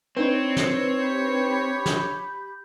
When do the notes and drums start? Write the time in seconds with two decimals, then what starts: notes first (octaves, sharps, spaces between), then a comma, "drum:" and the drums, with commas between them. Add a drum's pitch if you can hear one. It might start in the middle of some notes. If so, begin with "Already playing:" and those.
0.17 C4 D4 D#4 B4 C#5
0.57 drum: snare
1.00 G4 B5 G6
1.86 drum: snare